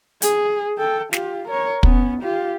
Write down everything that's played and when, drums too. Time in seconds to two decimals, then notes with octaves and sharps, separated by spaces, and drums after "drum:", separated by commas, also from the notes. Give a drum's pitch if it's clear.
0.22 G#4, drum: hi-hat
0.78 A4 G5
1.13 F4 G4, drum: snare
1.48 A#4 C#5
1.83 B3 C#4, drum: kick
2.22 F4 G4